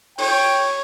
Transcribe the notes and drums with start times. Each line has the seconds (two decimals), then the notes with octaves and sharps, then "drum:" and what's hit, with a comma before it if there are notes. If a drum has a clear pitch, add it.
0.18 C#5 G5, drum: open hi-hat